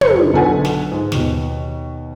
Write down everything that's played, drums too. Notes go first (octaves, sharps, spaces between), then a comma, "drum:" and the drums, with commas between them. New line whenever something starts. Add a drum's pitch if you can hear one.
F#1 C#7, drum: tom
B1 D3 A4 B4 F#5 G#5
drum: snare
G#2
D#2 B2, drum: snare